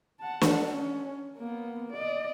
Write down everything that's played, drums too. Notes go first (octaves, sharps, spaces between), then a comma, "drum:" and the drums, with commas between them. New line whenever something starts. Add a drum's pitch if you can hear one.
F#5 A5
drum: snare
C#4
A#3 B3
D5 D#5